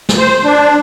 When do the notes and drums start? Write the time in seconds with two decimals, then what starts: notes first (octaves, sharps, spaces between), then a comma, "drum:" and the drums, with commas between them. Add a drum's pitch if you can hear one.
0.09 drum: snare
0.18 C5
0.44 D4